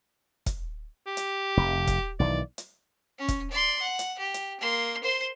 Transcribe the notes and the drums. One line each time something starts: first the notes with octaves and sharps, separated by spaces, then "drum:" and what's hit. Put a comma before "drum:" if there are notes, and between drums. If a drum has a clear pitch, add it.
drum: kick E1, hi-hat
G4
drum: hi-hat
F1
drum: kick E1, hi-hat
B1 D#3 E3 D5
drum: hi-hat
C#4
drum: kick E1, hi-hat
D5 C6
F#5
drum: hi-hat
G4
drum: hi-hat
A#3 C6
C5 C6